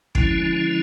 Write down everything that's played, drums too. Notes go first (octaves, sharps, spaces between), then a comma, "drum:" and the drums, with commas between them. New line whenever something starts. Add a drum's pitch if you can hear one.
D3 F3 G#3 C#4 E4, drum: kick